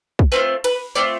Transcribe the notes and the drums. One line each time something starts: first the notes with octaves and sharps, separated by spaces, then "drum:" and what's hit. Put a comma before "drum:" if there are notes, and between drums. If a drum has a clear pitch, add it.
drum: kick
A3 C4 F4 B4
B4, drum: cymbal
A3 C4 F4 D5